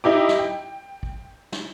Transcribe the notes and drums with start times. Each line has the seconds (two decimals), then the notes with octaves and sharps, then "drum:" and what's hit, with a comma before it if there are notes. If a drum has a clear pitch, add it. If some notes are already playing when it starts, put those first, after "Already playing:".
0.04 D#4 E4 G4 D6
0.29 drum: snare
0.39 G5
1.03 drum: kick
1.52 drum: snare